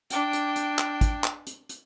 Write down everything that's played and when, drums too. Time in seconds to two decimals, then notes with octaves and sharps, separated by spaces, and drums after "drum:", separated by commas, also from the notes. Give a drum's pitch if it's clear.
0.10 D4 G5, drum: hi-hat
0.33 drum: hi-hat
0.56 drum: hi-hat
0.79 drum: clap
1.01 drum: kick, hi-hat
1.24 drum: clap
1.47 drum: hi-hat
1.69 drum: hi-hat